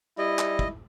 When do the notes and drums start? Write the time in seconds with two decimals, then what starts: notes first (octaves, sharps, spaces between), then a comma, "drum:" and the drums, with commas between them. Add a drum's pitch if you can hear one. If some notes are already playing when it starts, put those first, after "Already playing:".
0.18 G3 E4 D#5
0.39 drum: clap
0.59 drum: kick